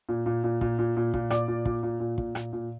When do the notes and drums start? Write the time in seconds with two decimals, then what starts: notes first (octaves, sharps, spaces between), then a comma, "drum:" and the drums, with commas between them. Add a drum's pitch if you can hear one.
0.09 A#2
0.26 A#2
0.44 A#2
0.61 A#2, drum: kick
0.79 A#2
0.97 A#2
1.14 A#2, drum: kick
1.30 A#2 D5 D6, drum: rim click
1.48 A#2
1.65 A#2, drum: kick
1.83 A#2
2.00 A#2
2.18 A#2, drum: kick
2.35 A#2, drum: rim click
2.53 A#2